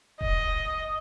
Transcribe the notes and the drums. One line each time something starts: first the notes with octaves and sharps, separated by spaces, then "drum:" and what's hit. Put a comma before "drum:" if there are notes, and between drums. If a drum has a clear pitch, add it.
D#5, drum: kick D#1